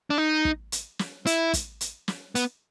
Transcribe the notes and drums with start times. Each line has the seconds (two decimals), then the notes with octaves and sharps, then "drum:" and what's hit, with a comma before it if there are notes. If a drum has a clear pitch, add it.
0.10 D4
0.18 D#4
0.45 drum: kick
0.72 drum: hi-hat
0.99 drum: snare
1.27 E4, drum: hi-hat
1.53 drum: kick, hi-hat
1.81 drum: hi-hat
2.08 drum: snare
2.35 B3, drum: hi-hat